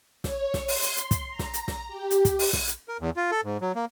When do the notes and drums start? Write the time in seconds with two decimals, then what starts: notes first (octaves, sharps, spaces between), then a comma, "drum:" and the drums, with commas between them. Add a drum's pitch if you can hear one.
0.24 C#5, drum: snare
0.54 drum: snare
0.68 C6, drum: open hi-hat
0.82 drum: hi-hat
0.97 drum: hi-hat
1.11 drum: kick, hi-hat
1.30 A#5
1.39 drum: snare
1.54 drum: hi-hat
1.68 drum: snare
1.88 G4
2.11 drum: hi-hat
2.25 drum: kick, hi-hat
2.39 drum: open hi-hat
2.53 drum: snare
2.67 drum: hi-hat
2.88 A#4
3.00 E2
3.17 F4
3.31 A4
3.44 G#2
3.62 F#3
3.76 A#3